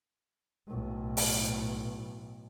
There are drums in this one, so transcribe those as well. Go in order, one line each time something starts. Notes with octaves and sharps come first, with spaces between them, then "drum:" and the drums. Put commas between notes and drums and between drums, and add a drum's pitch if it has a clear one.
B1 A2
drum: open hi-hat